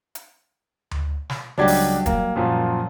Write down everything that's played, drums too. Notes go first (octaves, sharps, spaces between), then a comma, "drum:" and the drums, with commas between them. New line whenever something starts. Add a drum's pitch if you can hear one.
drum: hi-hat
drum: tom D2
drum: snare
C#2 F#3 G3 D4 G4 G#6
drum: open hi-hat
A#3, drum: kick, hi-hat
F#2 A#2 F3